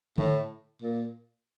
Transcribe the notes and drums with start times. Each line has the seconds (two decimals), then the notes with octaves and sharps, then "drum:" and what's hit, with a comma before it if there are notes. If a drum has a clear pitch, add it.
0.18 A2, drum: tom D3
0.82 A#2